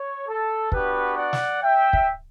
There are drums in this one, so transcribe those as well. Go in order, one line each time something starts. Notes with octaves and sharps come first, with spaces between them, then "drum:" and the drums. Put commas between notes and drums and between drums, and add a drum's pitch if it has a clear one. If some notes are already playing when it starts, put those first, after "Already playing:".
Already playing: C#5
A4
B3 D4 F#4 G4 B4, drum: kick
D5 F#5
drum: snare
E5 G5
drum: kick